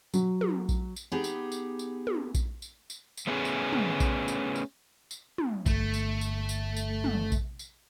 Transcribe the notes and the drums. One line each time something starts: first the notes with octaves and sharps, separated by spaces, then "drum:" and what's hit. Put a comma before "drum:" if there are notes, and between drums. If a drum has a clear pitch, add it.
F#3, drum: tambourine
drum: tom
drum: kick A#1, tambourine
drum: tambourine
B3 D#4 G4 G#4
drum: tambourine
drum: tambourine
drum: tambourine
drum: tom
drum: kick A#1, tambourine
drum: tambourine
drum: tambourine
drum: tambourine
A3 B3 C#4 G#4
drum: tambourine
drum: tom
drum: kick A#1, tambourine
drum: tambourine
drum: tambourine
drum: tambourine
drum: tom
G1 A3, drum: kick A#1, tambourine
drum: tambourine
drum: tambourine
drum: tambourine
drum: tambourine
drum: tom
drum: kick A#1, tambourine
drum: tambourine